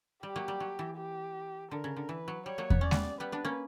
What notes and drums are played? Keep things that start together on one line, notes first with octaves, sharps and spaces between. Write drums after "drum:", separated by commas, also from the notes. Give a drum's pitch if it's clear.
G3 G4
F#3 A#3
G3
F#3
E3
G4
D3 A#4
C#3
D3
E3 B4
F#3
G3 C#5
F#3 A#3
B3, drum: kick E2
C#4 D5
G3 B3, drum: snare G#3
G3 B3 B4
B3 D4
A#3 C#4